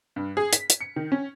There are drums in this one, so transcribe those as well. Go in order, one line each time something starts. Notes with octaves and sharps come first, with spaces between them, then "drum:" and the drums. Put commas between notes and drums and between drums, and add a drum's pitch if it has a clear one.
G2
G#4
B6, drum: hi-hat
drum: hi-hat
C#7
D#3
C#4